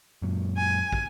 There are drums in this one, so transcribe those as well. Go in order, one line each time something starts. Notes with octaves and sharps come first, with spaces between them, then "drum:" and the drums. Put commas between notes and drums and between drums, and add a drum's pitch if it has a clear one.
F#2 A#2
G#5
drum: kick